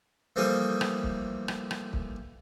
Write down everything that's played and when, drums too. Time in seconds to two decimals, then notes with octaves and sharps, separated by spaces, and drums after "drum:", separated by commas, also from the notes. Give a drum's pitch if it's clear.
0.36 E3 F3 G3 A3 A#3 D#6
0.81 drum: rim click
1.03 drum: kick
1.48 drum: rim click
1.71 drum: rim click
1.93 drum: kick